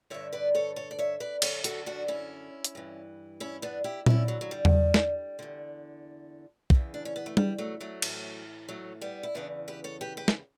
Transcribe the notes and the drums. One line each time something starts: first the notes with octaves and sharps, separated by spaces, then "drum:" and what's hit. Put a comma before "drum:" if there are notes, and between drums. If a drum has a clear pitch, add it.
G2 D3 C#5 E5
B4 D5
A4 C#5
A4 C#5
D5
C#5 E5
B4 D5
F#2 D3 A4 C#5, drum: cymbal
F#4 A4, drum: hi-hat
D4 F#4
C#4 E4
drum: hi-hat
G2 E3
C#4 E4
B3 D4
E4 G4
G2 D3 C#4 E4, drum: tom A#2
F#3
F#3
G3
drum: tom E2
drum: snare
E2 D3
E2 C#3 E3, drum: kick
D4
C#4
B3
A3
G3, drum: tom G3
F#3 A3
F#3 A3
A2 E3, drum: cymbal
F#3 A3
G3 B3
E4
E2 C#3 E3 B3 D4
G4 B4
A4 C#5
G4 B4
G4 B4
drum: snare